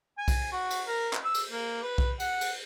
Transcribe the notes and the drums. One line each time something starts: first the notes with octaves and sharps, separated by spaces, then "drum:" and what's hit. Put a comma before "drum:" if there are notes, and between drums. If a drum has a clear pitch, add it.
G#5
drum: kick B1, cymbal
F#4
drum: cymbal
A#4
drum: clap
E6
drum: cymbal
A#3
B4
drum: kick B1
F#5, drum: cymbal
drum: cymbal